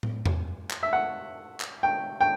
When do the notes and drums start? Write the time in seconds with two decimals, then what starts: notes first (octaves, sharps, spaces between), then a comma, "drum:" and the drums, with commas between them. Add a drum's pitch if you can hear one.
0.03 drum: tom
0.26 drum: tom E2
0.70 drum: clap
0.83 E5
0.93 F#5
1.60 drum: clap
1.83 G5
2.21 G5